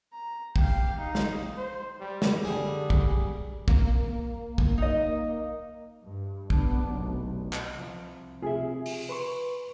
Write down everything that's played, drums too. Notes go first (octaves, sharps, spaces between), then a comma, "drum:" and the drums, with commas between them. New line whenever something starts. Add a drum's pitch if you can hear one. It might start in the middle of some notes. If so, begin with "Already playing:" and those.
A#5
G4 F5 G5, drum: kick
D#4 F5
drum: snare
C5
G3
drum: snare
D3 G3 G#4
drum: kick
A#3, drum: kick
drum: kick
D#4 D#5
G2
B3 D4, drum: kick
F1 B1
drum: clap
C2 F3
C3 F4 G#4 E5
drum: open hi-hat
B4 C6 C#6